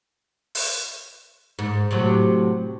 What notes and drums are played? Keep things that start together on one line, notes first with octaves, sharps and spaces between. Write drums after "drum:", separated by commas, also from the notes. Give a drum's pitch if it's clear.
drum: open hi-hat
G#2
A2 C3 F#3